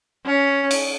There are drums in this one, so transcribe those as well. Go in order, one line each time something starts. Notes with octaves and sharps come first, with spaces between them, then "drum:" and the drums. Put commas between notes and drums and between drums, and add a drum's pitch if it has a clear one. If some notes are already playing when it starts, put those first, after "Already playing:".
C#4
drum: cymbal